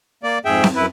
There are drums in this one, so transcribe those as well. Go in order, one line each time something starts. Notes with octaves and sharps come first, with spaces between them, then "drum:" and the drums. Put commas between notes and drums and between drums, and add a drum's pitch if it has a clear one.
A#3 D5
F2 G#2 G#4 E5 G5
drum: snare C4
F#2 E4 B4